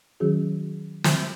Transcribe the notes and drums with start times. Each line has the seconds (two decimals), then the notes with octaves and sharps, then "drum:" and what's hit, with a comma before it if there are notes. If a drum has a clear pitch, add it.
0.20 D#3 F#3 C#4 F#4 G#4
1.04 drum: snare